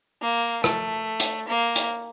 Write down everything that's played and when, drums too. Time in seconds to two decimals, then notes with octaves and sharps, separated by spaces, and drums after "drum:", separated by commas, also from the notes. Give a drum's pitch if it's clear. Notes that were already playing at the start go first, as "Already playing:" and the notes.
0.22 A#3
0.64 A3, drum: rim click
1.20 drum: hi-hat
1.48 A#3
1.76 drum: hi-hat